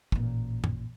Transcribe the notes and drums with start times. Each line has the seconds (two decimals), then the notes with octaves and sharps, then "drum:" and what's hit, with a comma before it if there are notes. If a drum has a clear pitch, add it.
0.12 A1 A#2, drum: kick
0.64 drum: tom